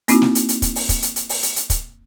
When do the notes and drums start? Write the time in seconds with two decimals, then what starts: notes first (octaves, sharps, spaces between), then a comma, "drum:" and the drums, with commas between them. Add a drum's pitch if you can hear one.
0.08 A#3 C4 D#4 E4 F#4, drum: hi-hat
0.22 drum: snare
0.35 drum: hi-hat
0.49 drum: hi-hat
0.62 drum: kick, hi-hat
0.75 drum: open hi-hat
0.89 drum: kick, hi-hat
1.02 drum: hi-hat
1.16 drum: hi-hat
1.29 drum: open hi-hat
1.43 drum: hi-hat
1.56 drum: hi-hat
1.70 drum: kick, hi-hat